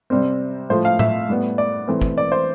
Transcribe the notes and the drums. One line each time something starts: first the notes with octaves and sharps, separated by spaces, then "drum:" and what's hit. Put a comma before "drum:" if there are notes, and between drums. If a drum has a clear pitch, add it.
C3 G3 C4
A2 F3 A3 C5
F5
E5, drum: tom A2
A2 G3 B3
D5
E3 A3 C4
drum: kick
D5
C5